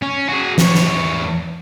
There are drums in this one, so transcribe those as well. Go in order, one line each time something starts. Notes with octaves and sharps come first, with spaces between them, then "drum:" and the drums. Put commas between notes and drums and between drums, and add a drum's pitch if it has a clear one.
C#4
F#4 G#4
E2 C#5, drum: snare
drum: snare